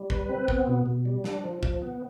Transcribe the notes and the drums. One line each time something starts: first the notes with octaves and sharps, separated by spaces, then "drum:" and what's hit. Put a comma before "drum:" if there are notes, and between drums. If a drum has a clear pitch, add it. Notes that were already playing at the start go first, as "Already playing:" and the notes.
Already playing: G3
B4, drum: kick
C4
B3, drum: kick
B2
B2
G3
D4, drum: snare
F3
F3, drum: kick
B3